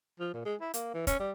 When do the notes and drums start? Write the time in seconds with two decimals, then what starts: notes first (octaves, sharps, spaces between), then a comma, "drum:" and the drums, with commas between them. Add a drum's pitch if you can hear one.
0.20 F3
0.34 A#2
0.45 G#3
0.61 E4
0.74 A#3, drum: hi-hat
0.94 E3
1.07 C#4, drum: kick F1, hi-hat
1.20 G3